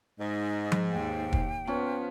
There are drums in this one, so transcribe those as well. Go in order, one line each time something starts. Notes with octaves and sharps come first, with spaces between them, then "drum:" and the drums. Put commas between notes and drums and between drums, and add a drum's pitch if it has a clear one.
G#2 D#5
drum: tom F3
D#2 G5
drum: kick
F3 B3 C#4